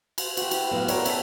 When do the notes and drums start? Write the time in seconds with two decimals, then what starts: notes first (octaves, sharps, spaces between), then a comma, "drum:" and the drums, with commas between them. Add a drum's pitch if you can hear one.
0.18 drum: cymbal
0.37 F#4 G4, drum: cymbal
0.51 E4, drum: cymbal
0.72 A2 F#3 B3 B4 F5
0.88 A3 F#4 A#4 C#5 D5 E5, drum: cymbal
1.05 C#4 E5 G5 A5 B6, drum: cymbal